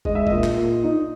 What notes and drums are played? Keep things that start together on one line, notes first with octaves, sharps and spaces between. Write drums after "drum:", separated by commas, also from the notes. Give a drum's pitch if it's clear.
G#3 D#5, drum: kick
E5
A#2 D#5, drum: kick
drum: clap
A#2
D#4